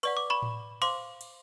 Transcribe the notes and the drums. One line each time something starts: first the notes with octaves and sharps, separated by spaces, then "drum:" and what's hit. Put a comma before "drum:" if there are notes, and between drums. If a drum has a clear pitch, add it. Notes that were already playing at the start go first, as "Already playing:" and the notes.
B4 D5 F#5 C#6, drum: cymbal
D6
B5 C#6
drum: tom A2
C5 F5 C6 D6, drum: cymbal
drum: cymbal